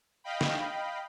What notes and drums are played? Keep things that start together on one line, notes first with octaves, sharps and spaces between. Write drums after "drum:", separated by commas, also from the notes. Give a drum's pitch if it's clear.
D#5 F5 G5 B5
drum: snare